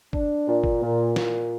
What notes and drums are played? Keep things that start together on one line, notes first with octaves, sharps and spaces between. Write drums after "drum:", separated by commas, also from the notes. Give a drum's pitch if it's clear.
D4, drum: kick
A#2
drum: kick
A#2
A#2, drum: snare